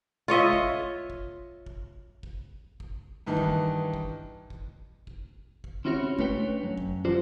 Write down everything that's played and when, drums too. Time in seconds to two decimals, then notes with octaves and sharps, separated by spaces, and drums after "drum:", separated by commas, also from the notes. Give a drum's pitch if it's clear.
0.28 F4 C#5 D#5 E5
0.53 drum: kick
1.10 drum: kick
1.66 drum: kick
2.23 drum: kick
2.80 drum: kick
3.27 G2 D#3 E3
3.37 drum: kick
3.94 drum: kick
4.50 drum: kick
5.07 drum: kick
5.64 drum: kick
5.85 C4 C#4 E4 F#4 A4 C#5
6.19 A3 D4 B4 C#5 G5, drum: kick
6.63 F#2
6.78 drum: kick
7.05 F4 F#4 A4 C5 D5